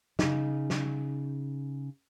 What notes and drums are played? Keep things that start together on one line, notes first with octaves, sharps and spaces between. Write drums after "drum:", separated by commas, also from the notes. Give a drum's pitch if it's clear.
C#3 D#4, drum: snare
drum: snare